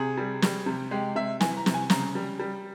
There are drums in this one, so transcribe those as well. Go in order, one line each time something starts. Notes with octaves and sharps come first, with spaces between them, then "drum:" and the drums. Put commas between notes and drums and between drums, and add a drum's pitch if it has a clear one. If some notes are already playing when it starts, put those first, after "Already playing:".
Already playing: C3 G#4
G3
G3, drum: snare
C3
G#3 G4
C3 E5
E3 G#5, drum: snare
A#5
C3, drum: snare
G#5
C#3 A#5, drum: snare
G3
G3